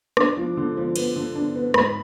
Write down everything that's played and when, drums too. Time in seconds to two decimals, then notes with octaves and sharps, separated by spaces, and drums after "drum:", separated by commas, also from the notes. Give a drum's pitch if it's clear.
0.17 D4 D6, drum: rim click
0.37 F3
0.57 D3
0.77 F3
0.96 B3, drum: cymbal
1.16 D3
1.36 D4
1.55 B3
1.74 G#2 B5, drum: rim click